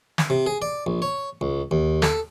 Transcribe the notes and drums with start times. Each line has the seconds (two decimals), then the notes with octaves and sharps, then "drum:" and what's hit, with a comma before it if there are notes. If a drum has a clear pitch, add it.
0.18 drum: snare
0.30 C3
0.46 G#4
0.62 D5
0.86 A#1
1.02 C#5
1.41 C#2
1.71 D#2
2.02 A4, drum: snare